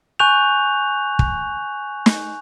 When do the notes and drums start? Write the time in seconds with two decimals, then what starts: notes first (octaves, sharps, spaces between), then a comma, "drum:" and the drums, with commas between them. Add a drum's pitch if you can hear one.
0.19 G#5 C#6 F#6 G6 F7
1.19 drum: kick
2.06 drum: snare